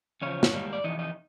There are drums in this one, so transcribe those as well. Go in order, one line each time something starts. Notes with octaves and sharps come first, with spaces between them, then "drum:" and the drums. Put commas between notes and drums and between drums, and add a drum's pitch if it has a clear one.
E2 C#3 F3 C#4 C#5
drum: snare
G#2 D#3 G3 A#3
D5
F2 C3 E3 D#4 D#5
D#4 D#5